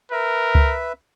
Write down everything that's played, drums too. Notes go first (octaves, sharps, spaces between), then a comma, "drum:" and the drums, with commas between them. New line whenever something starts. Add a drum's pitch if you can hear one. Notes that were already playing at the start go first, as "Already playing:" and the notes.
A#4 B4 E5
drum: kick C#2